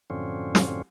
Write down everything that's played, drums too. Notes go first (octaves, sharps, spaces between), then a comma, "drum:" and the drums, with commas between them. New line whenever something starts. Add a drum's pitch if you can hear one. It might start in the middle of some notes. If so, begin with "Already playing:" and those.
F#2 A2 D3 F3 C4 C#4
drum: snare